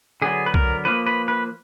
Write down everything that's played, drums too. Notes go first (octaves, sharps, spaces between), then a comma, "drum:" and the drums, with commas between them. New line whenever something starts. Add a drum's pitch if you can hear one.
D3 F#3 B3 G#4
B4
A#4, drum: kick C2
F3 A#3 B4
B4
B4